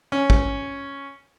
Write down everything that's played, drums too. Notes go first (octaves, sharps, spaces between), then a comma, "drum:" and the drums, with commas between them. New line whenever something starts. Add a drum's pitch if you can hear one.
C#4
drum: kick